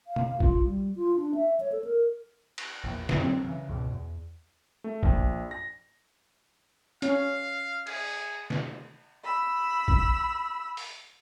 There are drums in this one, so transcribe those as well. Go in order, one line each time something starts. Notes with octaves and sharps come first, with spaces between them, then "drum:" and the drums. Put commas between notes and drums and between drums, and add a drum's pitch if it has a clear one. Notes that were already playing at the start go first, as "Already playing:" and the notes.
F5
drum: tom
F4, drum: kick A#1
G3
F4
D4
E5
C#5
A4
A#4
drum: cymbal
A#1 E2
G1 F2 A2, drum: snare
D3 F#3 C4
C#3 E3
C#2 G#2 B2
E2
A3
A#1, drum: kick A#1
A#6
C#4 F5, drum: hi-hat
G#4, drum: cymbal
drum: snare
B5 E6
drum: kick A#1
drum: open hi-hat